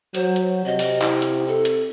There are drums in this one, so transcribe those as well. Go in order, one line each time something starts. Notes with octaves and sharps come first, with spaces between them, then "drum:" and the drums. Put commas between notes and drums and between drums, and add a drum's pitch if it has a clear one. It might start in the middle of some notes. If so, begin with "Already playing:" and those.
F#3 C5, drum: hi-hat
drum: hi-hat
C3 D#5
drum: open hi-hat
E4, drum: clap
drum: hi-hat
A4
drum: hi-hat